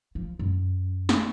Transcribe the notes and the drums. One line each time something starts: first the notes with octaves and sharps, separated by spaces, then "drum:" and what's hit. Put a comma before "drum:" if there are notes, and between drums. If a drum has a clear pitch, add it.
F3
F#2
drum: snare